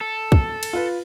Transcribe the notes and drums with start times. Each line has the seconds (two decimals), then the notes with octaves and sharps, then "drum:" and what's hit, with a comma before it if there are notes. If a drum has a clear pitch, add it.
0.01 A4
0.32 drum: kick
0.63 drum: cymbal
0.73 F4 B4